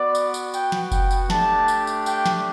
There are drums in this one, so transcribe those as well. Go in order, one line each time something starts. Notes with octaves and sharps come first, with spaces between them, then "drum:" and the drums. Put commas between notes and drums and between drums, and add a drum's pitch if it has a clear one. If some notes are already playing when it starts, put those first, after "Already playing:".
Already playing: B3 F#4 D5
drum: tambourine
drum: tambourine
G5, drum: tambourine
drum: snare
G5, drum: kick F#1, tambourine
drum: tambourine
A3 D4 G4 A5, drum: snare
drum: tambourine
drum: tambourine
G5, drum: tambourine
drum: snare